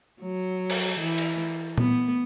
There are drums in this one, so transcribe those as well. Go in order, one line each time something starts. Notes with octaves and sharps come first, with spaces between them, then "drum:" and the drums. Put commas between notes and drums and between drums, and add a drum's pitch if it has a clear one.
F#3
drum: cymbal
E3
drum: cymbal
B3, drum: tom A#2